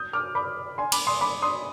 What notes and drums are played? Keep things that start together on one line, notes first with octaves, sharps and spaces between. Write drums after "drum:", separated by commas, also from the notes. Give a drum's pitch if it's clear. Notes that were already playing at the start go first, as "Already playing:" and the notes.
Already playing: D#6 G6
D6 F6
B5 D6
G#5 C6
B5 D6, drum: cymbal
C6 D#6
B5 D6
C6 D#6